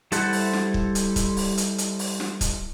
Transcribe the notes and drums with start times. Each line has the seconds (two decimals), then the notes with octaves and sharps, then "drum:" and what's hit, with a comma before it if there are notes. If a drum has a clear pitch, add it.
0.12 G3 E4 A4 C5 F#5, drum: hi-hat
0.33 drum: open hi-hat
0.53 drum: snare
0.74 drum: kick
0.95 drum: hi-hat
1.16 drum: kick, hi-hat
1.37 drum: open hi-hat
1.58 drum: hi-hat
1.78 drum: hi-hat
1.99 drum: open hi-hat
2.20 drum: snare
2.41 drum: kick, hi-hat